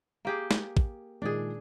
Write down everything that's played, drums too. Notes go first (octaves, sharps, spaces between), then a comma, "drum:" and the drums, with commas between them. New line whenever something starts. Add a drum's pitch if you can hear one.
A#3 G4 G#4
drum: snare
drum: kick
A#2 D#3 G#3 D4 G#4